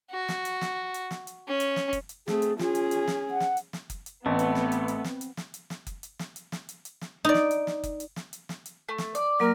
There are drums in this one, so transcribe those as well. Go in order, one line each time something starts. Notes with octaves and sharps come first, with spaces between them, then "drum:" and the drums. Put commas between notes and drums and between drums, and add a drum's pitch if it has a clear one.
F#4
drum: snare
drum: hi-hat
drum: snare
drum: hi-hat
drum: snare
drum: hi-hat
C#4
drum: hi-hat
drum: snare
drum: kick F#1, hi-hat
drum: hi-hat
A3 C4 G#4, drum: snare
drum: hi-hat
C#4 F4 G#4, drum: snare
drum: hi-hat
drum: hi-hat
drum: snare
F#5
drum: snare
drum: hi-hat
drum: snare
drum: kick F#1, hi-hat
drum: hi-hat
A1 A3 B3 C4
drum: hi-hat
drum: snare
drum: hi-hat
drum: hi-hat
drum: snare
drum: hi-hat
drum: snare
drum: hi-hat
drum: snare
drum: kick F#1, hi-hat
drum: hi-hat
drum: snare
drum: hi-hat
drum: snare
drum: hi-hat
drum: hi-hat
drum: snare
D#4 D5
drum: snare
drum: hi-hat
drum: snare
drum: kick F#1, hi-hat
drum: hi-hat
drum: snare
drum: hi-hat
drum: snare
drum: hi-hat
A3
drum: snare
D5, drum: hi-hat
F#3 A#3 A#4